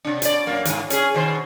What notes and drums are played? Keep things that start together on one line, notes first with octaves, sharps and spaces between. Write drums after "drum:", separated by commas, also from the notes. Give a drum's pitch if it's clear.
C3 D4
B2 D5, drum: hi-hat
F#2 A#3
D#2 G#2, drum: hi-hat
C#4 G#4, drum: hi-hat
B2 D#3 C5